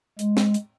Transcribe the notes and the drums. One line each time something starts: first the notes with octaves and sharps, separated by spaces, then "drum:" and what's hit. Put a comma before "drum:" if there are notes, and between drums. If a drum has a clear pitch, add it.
G#3, drum: hi-hat
drum: snare
drum: hi-hat